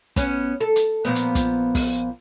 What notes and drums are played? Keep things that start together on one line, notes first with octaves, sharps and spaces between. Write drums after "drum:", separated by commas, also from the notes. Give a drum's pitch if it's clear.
B3 C#4, drum: kick, hi-hat
A4
drum: hi-hat
A#2 F3 B3
drum: hi-hat
drum: kick, hi-hat
drum: kick, open hi-hat